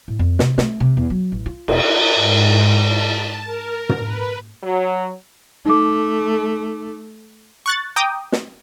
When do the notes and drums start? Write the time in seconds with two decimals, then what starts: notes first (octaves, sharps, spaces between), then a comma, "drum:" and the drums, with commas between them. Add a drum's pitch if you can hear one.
0.08 A2
0.19 F2
0.39 C3, drum: snare
0.58 A3, drum: snare
0.80 C3
0.97 E2
1.10 F#3
1.32 A1
1.46 F4
1.68 E1, drum: cymbal
2.15 G#2
2.81 A5
3.44 A#4
3.89 drum: tom
4.02 B4
4.63 F#3
5.66 A3 D#4 D6
7.66 C#6 F#6 A6
7.96 G5 A#5 D6 D#6
8.32 drum: snare